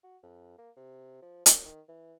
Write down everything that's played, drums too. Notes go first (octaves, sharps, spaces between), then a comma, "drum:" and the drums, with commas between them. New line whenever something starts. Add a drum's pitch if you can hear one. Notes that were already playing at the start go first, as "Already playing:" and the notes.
F#4
F2
A#3
C3
F3
F#2, drum: hi-hat
D#3
E3